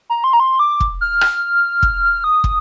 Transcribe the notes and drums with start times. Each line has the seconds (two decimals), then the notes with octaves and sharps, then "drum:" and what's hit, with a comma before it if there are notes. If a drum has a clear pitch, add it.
0.10 A#5
0.24 C6
0.33 A#5
0.40 C6
0.59 D6
0.80 drum: kick
1.01 F6
1.21 drum: rim click
1.83 drum: kick
2.24 D#6
2.44 drum: kick